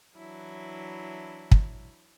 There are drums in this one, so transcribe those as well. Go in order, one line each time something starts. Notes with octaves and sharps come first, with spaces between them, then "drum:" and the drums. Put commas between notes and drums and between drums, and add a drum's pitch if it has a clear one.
E3 F#3 D4 E4
drum: kick